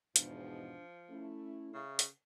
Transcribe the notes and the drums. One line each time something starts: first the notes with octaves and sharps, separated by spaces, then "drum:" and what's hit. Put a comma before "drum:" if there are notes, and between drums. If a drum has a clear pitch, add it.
E2 G#2 B2 F3 D4, drum: hi-hat
A3 C#4 E4
C#3 E5
drum: hi-hat